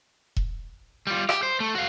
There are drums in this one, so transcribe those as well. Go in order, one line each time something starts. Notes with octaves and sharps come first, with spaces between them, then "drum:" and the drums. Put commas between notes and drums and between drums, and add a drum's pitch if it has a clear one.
drum: kick E1
G3 F4
G4, drum: rim click
C5
A3
F#4 F5